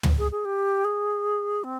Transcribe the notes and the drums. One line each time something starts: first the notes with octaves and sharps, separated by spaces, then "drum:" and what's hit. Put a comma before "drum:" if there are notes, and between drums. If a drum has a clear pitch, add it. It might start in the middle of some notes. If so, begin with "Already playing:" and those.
drum: tom
G#4
G#4
G4
G#4
C4